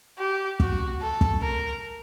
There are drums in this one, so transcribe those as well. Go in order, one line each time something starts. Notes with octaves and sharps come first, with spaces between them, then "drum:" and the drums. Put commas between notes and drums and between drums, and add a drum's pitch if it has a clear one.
G4
F#4, drum: kick
A4
drum: kick
A#4